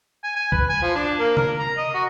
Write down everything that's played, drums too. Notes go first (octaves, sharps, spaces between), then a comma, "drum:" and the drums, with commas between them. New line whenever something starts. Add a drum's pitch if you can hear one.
G#5
G#5
B4, drum: kick
G#5
F3
D4
A#3
A#4, drum: tom C3
A#5
D#5
F#4